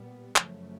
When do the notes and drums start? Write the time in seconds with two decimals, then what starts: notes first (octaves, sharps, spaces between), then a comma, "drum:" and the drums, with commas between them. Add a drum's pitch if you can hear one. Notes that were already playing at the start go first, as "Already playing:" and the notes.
Already playing: A#2 G3 B3
0.36 F#2 C#3 F3 A3, drum: clap